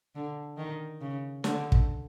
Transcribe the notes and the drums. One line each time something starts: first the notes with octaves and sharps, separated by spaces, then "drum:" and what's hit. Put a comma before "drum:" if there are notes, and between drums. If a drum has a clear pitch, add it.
D3
D#3
C#3
D3, drum: snare
drum: kick